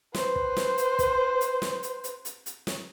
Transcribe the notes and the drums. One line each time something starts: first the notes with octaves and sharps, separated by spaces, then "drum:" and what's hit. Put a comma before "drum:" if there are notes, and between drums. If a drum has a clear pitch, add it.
B4 C5, drum: snare
drum: kick
drum: snare
drum: hi-hat
drum: kick, hi-hat
drum: hi-hat
drum: snare
drum: hi-hat
drum: hi-hat
drum: hi-hat
drum: hi-hat
drum: snare